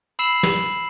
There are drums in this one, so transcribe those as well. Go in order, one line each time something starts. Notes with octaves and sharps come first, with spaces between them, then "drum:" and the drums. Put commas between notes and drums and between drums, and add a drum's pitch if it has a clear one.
B5 E6 C7 E7 F#7
drum: snare